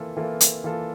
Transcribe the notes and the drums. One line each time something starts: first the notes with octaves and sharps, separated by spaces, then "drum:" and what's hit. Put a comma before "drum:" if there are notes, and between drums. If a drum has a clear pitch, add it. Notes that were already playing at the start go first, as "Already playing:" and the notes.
Already playing: E3 A#3 F4 A4
E3 A#3 F4 A4
drum: hi-hat
E3 A#3 F4 A4